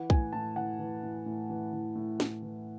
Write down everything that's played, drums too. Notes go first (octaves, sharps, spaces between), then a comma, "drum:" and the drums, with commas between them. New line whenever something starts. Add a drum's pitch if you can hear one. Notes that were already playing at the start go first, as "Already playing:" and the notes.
Already playing: E3 F#5
A2 G#5, drum: kick
A2 A5
E3 F#5
E3
A2
A2
E3
E3
A2
A2, drum: snare
E3